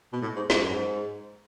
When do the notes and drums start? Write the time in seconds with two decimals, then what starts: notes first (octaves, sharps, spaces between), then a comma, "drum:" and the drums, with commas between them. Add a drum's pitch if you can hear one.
0.13 B2
0.22 A2
0.36 G#2
0.50 G#2, drum: snare
0.62 F#2
0.74 G#2